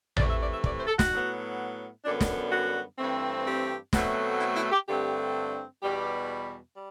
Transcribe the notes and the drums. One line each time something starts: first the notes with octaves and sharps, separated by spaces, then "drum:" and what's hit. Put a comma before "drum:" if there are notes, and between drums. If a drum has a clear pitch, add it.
C3 E3 A3 D5, drum: tom A1
E5
D5
E5
D5, drum: kick
C5
A4
F#4, drum: snare
A2 F#3 B3
F#2 D3 G3 B3 D4
drum: snare
F#4
G2 E3 A3 C4
G4
B2 F#3 A3 C4, drum: snare
E4
E4
G4
G2 D3 A3 C4 G4
E2 B2 G3 G4
G3